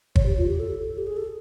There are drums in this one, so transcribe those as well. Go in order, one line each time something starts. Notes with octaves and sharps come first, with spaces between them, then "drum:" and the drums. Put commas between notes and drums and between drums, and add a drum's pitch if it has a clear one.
C#5, drum: kick
G4
F4
G4
A4
G4
G#4
A4